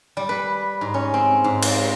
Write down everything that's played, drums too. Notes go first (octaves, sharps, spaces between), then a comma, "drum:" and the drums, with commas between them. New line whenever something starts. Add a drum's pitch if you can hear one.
G3
B4
G#2
C#4
C4
G#2
drum: cymbal